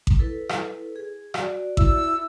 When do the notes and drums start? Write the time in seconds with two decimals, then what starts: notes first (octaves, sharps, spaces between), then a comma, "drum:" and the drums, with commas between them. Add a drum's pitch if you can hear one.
0.07 drum: kick A1
0.19 E4 A4 B4
0.49 drum: rim click
0.96 G#4
1.34 F#4 D5, drum: rim click
1.77 E4 E6, drum: kick A1